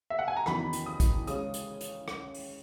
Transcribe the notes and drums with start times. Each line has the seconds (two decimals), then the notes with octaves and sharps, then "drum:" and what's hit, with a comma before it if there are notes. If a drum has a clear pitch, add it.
0.10 E5
0.19 F#5
0.28 G#5
0.37 A#5
0.46 F#1 E2 D#3 F#3 B5, drum: rim click
0.73 drum: hi-hat
0.86 D#6
1.00 drum: kick, hi-hat
1.27 C#3 G#3 C#4 D#6, drum: hi-hat
1.54 drum: hi-hat
1.81 drum: hi-hat
2.08 drum: rim click
2.35 drum: open hi-hat